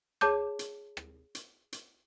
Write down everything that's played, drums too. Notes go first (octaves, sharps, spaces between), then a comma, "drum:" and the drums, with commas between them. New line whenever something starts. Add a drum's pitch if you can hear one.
G#4 C#5 A5 D6 G6, drum: rim click
drum: hi-hat
drum: rim click
drum: hi-hat
drum: hi-hat